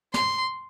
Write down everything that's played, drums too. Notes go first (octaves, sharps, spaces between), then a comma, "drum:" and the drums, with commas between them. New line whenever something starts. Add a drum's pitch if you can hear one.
C6, drum: snare